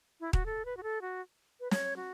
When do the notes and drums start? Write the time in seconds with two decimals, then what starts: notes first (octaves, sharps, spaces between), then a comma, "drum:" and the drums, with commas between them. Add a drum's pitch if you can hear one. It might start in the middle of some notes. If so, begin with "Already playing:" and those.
0.20 E4
0.33 F#4, drum: kick D#1
0.46 A4
0.65 B4
0.77 F#4
0.83 A4
1.01 F#4
1.60 B4
1.71 C#5, drum: snare
1.96 F#4